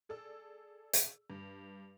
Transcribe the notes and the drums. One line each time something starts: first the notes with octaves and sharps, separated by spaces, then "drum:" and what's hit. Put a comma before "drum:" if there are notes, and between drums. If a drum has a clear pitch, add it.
G#4 A4 D5 E6
drum: hi-hat
G2